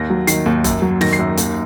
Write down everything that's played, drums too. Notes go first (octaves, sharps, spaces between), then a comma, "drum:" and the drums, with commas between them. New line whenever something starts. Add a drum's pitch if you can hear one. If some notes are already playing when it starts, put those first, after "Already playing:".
Already playing: D#2 A#6
F#3
D#3 C7, drum: hi-hat
D#2
F#2, drum: kick F#1, hi-hat
F#3
D#3 A#6, drum: snare
C7
F#2
D#2, drum: hi-hat